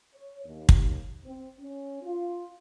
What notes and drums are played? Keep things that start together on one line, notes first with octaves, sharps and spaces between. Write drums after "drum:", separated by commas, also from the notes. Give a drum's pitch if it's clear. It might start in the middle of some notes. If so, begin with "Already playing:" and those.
C#5
D#2
drum: kick
C4
C#4
F4